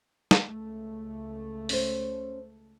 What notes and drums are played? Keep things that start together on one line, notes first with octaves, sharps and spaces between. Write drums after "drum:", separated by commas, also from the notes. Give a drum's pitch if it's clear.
drum: snare
C#2 A3
C#4 C5, drum: open hi-hat